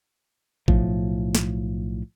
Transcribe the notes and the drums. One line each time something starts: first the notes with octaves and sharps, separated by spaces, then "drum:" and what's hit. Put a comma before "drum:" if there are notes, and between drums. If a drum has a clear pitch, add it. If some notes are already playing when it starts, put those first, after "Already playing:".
B1 A2 F3, drum: kick A1
drum: snare